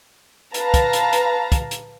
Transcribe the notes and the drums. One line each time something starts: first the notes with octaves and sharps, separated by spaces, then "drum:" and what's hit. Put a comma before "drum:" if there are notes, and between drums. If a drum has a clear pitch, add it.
B4 F5 A5 A#5, drum: hi-hat
drum: kick, hi-hat
drum: hi-hat
drum: hi-hat
drum: kick, hi-hat
drum: hi-hat